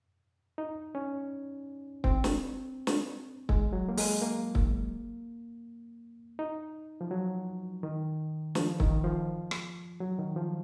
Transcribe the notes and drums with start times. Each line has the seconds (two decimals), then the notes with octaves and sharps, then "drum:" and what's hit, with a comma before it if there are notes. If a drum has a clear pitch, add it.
0.58 D#4
0.95 C#4
2.04 C4, drum: kick
2.24 drum: snare
2.87 drum: snare
3.49 G#3, drum: kick
3.73 F#3
3.89 A#3
3.97 G#3, drum: open hi-hat
4.21 A#3
4.55 drum: kick
6.39 D#4
7.01 F3
7.11 F#3
7.83 D#3
8.55 F3, drum: snare
8.80 D#3, drum: kick
9.04 F3
9.51 drum: rim click
10.00 F#3
10.19 D#3
10.36 F3